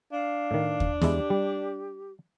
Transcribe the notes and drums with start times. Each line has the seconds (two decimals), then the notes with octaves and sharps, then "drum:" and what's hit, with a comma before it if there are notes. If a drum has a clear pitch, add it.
0.12 D4 F5
0.51 A2 D#3
0.80 drum: kick
1.02 E2 G#3 E4 G4, drum: snare
1.30 G3